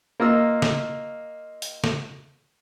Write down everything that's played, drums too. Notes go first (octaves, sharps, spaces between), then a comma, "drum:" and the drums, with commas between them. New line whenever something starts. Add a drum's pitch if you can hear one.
A#3 F4 D#5 E6
drum: snare
drum: open hi-hat
drum: snare